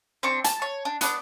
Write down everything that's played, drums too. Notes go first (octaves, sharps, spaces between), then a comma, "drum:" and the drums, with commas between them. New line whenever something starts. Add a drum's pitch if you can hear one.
C4 D4 C#6
A5, drum: hi-hat
C#5
D4
B3 D4 D5, drum: hi-hat